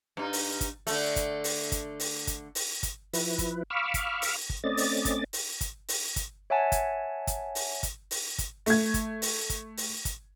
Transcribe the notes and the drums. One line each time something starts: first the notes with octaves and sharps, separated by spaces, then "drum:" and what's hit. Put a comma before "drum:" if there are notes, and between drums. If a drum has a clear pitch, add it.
G2 D#4
drum: open hi-hat
drum: kick, hi-hat
D3 A3, drum: open hi-hat
drum: kick, hi-hat
drum: open hi-hat
drum: kick, hi-hat
drum: open hi-hat
drum: kick, hi-hat
drum: open hi-hat
drum: kick, hi-hat
F3 E4 B4, drum: open hi-hat
drum: kick, hi-hat
F5 B5 C#6 D6 E6 F6
drum: kick, hi-hat
drum: open hi-hat
drum: kick
A3 C4 C#4 D5 D#5 A6
drum: open hi-hat
drum: kick, hi-hat
drum: open hi-hat
drum: kick, hi-hat
drum: open hi-hat
drum: kick, hi-hat
C#5 E5 F#5 G#5 A5
drum: kick, hi-hat
drum: kick, hi-hat
drum: open hi-hat
drum: kick, hi-hat
drum: open hi-hat
drum: kick, hi-hat
A3 G#6, drum: open hi-hat
drum: kick, hi-hat
drum: open hi-hat
drum: kick, hi-hat
drum: open hi-hat
drum: kick, hi-hat